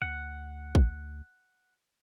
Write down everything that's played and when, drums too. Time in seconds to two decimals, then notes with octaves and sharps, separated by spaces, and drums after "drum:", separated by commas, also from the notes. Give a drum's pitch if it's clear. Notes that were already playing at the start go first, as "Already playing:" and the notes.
0.02 D2 F#5
0.75 drum: kick